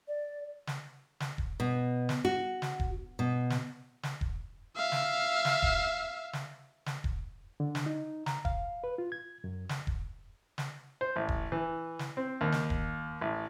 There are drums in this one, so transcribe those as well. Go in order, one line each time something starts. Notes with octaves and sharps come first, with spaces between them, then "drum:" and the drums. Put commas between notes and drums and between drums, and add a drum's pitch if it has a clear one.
D5
drum: snare
drum: snare
drum: kick E1
B2
drum: snare
F#4
drum: snare
drum: kick E1
B2
drum: snare
drum: snare
drum: kick E1
E5 F5
drum: snare
drum: snare
drum: kick E1
drum: snare
drum: snare
drum: kick E1
D3
drum: snare
D#4
A#5, drum: snare
F5, drum: kick E1
B4
F4
G#6
F#2
drum: snare
drum: kick E1
drum: snare
C5
A1
drum: kick E1
E3
drum: snare
C4
D#2
drum: snare
drum: kick E1
A1